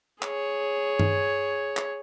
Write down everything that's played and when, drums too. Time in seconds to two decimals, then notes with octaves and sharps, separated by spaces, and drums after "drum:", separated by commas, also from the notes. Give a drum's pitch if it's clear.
0.22 G#4 C#5, drum: clap
0.99 drum: tom G2
1.77 drum: clap